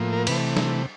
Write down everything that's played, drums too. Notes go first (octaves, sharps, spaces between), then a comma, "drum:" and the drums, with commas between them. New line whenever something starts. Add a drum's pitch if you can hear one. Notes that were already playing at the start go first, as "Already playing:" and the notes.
Already playing: A2 F3 A#3
A#4
C3 E3 A3 B4, drum: cymbal
drum: snare